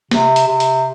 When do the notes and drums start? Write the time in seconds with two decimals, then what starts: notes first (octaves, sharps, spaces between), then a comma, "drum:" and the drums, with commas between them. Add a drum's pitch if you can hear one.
0.11 C3, drum: snare
0.36 drum: hi-hat
0.48 C3
0.60 drum: hi-hat